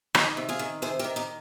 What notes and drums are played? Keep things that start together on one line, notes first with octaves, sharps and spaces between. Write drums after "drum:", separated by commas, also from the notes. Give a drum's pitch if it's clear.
D#3 D#4 G4, drum: rim click
C3
F4 G#4
D#3
C3 G#4 C5
G4 A#4
D#3
D#4 G4